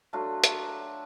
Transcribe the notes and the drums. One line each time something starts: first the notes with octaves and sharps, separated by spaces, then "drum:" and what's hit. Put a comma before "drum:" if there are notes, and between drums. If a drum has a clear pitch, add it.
F#3 A3 D4 F4
drum: hi-hat